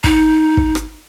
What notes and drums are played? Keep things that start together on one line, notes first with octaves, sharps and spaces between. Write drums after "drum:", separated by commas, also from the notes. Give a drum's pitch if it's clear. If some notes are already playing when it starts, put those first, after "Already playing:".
D#4, drum: kick
drum: kick
drum: rim click